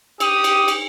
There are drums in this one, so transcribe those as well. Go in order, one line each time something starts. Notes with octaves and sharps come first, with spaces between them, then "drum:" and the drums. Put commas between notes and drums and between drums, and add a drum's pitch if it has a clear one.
G4 D#6, drum: cymbal
drum: cymbal
drum: cymbal